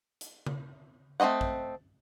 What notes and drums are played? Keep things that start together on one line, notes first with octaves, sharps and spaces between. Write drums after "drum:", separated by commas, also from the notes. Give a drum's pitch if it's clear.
drum: hi-hat
drum: tom C#3
A3 C4 B4 D#5 F#5
drum: kick A1